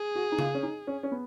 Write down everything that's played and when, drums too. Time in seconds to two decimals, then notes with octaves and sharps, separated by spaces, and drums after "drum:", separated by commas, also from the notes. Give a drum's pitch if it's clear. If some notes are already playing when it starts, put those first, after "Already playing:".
Already playing: G#4
0.16 F#4
0.32 D#4
0.39 F4, drum: tom C#3
0.55 C#4
0.63 D#4
0.87 C#4
1.03 C#4
1.12 B3